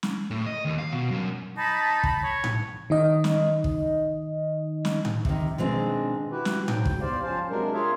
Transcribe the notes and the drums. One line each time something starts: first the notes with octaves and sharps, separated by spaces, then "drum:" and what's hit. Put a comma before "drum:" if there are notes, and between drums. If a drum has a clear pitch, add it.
drum: snare
A2
D#5
D#2
F5
B2
F#2
D#4 A5 B5
drum: kick
C#5
drum: tom A2
D#3 D#4 D#5
drum: snare
drum: kick
drum: snare
drum: tom A2
C3 D#3, drum: kick
B2 D#3 G#3 C4 D4
E4 F#4 G4 B4
drum: snare
G#2 F#3 G5, drum: tom A2
drum: kick
E2 G4 C5 D5 F5
F3 C#4 C5 F5 A5
C3 F#3 G#3 D4 A#4
F4 G#4 A#4 C#5 E5 F5